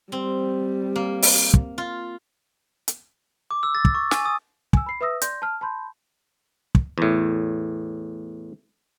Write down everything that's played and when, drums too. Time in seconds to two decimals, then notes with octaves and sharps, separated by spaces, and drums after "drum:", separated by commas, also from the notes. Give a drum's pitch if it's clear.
0.12 G3 C4
0.96 A#3
1.22 drum: open hi-hat
1.54 drum: kick
1.78 F4
2.88 drum: hi-hat
3.51 D6
3.63 E6
3.75 A6
3.85 drum: kick
3.95 C#6
4.11 G#5, drum: snare
4.25 D#6
4.73 G#5 E6, drum: kick
4.86 B5 C7
5.01 B4 E5 D#6 E6 A#6
5.21 D5 C6 G6 A#6, drum: hi-hat
5.42 A5 F6
5.61 A5 B5 C6 G6
6.75 drum: kick
6.98 E2 A2